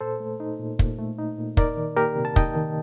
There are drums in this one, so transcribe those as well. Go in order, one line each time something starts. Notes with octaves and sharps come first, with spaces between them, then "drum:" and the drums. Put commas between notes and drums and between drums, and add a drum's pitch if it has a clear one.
A#2 A4 C5
A3
D#4
A#2
A#2, drum: kick
A3
D#4
A#2
D#4 A#4 D5, drum: kick
D#3
A#3 G4 A#4
C3
A5
D#4 D#5 G5, drum: kick
D#3